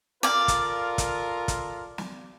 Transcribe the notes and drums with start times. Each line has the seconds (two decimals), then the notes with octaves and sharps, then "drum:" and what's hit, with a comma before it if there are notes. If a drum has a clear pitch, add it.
0.23 F4 A4 A#4 D5 F5
0.48 drum: kick, hi-hat
0.98 drum: kick, hi-hat
1.48 drum: kick, hi-hat
1.98 drum: snare